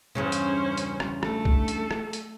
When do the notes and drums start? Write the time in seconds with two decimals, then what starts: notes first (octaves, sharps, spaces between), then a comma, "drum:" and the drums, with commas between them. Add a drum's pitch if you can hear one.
0.15 E2 G2 C#3 C#4 C5
0.32 drum: hi-hat
0.77 drum: hi-hat
1.00 drum: rim click
1.23 A3 A4, drum: rim click
1.45 drum: kick
1.68 drum: hi-hat
1.91 drum: rim click
2.13 drum: hi-hat